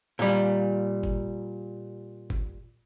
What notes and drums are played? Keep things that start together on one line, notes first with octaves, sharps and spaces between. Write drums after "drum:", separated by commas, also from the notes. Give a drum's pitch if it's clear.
A#2 G3
drum: kick F#1
drum: kick F#1